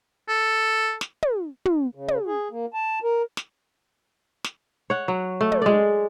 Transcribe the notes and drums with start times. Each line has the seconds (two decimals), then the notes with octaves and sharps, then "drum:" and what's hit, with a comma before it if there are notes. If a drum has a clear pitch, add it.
0.29 A4
1.01 drum: snare
1.23 drum: tom
1.65 drum: tom
1.95 C#3
2.08 drum: tom
2.27 G#4
2.51 A#3
2.73 A5
3.04 A#4
3.37 drum: snare
4.44 drum: snare
4.90 C#5 F#5
5.08 F#3
5.41 A3
5.52 drum: tom
5.62 G#3 D5